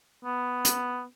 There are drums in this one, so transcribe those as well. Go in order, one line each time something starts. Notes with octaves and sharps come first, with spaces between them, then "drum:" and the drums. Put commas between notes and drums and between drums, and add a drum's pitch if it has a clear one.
B3
drum: hi-hat